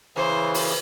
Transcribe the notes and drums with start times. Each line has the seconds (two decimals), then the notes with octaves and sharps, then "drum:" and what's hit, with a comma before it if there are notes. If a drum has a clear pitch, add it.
0.16 C#3 E3 C5
0.54 drum: open hi-hat